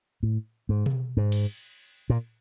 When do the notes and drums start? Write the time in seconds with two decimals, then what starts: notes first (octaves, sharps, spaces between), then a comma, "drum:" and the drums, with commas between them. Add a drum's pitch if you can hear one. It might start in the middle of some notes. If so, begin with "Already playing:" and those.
0.23 A2
0.69 G#2
0.86 drum: tom B2
1.17 G#2
1.32 drum: cymbal
2.10 A#2